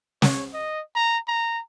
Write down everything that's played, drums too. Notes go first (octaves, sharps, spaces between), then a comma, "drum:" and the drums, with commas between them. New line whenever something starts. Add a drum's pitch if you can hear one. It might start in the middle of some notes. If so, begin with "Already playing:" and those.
C#5, drum: snare
D#5
A#5
A#5